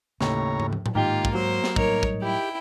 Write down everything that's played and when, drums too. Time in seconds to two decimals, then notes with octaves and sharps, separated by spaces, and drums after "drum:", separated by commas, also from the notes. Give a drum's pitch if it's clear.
0.21 D#2 A2 C#3 C#5 A#5, drum: snare
0.60 drum: tom
0.73 drum: tom
0.86 drum: tom A2
0.95 G#2 D#3 A#3 F4 G4 G7
1.25 drum: kick
1.35 F#3 C5
1.64 drum: snare
1.76 A2 F#3 G3 D#4 A#4 C#5, drum: kick
2.03 drum: kick
2.22 E4 G4 G5